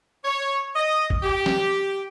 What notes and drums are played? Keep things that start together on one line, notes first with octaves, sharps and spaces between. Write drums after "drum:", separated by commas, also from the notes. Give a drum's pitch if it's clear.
C#5
D#5
drum: kick G1
G4
drum: snare